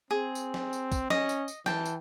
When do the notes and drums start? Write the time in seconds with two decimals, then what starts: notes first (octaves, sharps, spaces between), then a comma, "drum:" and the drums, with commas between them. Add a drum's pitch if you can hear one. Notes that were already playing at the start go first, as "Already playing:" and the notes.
0.11 C4 G#4
0.35 drum: tambourine
0.54 drum: snare
0.73 drum: tambourine
0.92 drum: kick, tambourine
1.10 C#4 D#5, drum: snare
1.29 drum: tambourine
1.48 drum: tambourine
1.66 E3 G5 A5, drum: snare
1.85 drum: tambourine